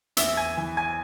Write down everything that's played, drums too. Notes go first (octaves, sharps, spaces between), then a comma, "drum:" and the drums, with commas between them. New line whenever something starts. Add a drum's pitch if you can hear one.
E2 E5 E6, drum: hi-hat
G#5 G#6
E3
G#5 G#6